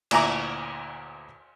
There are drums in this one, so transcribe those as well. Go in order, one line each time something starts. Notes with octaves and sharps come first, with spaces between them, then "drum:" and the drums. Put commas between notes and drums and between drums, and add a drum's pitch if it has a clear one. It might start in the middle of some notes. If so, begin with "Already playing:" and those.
D2 A#2 E4 G#5 A#5 D6, drum: cymbal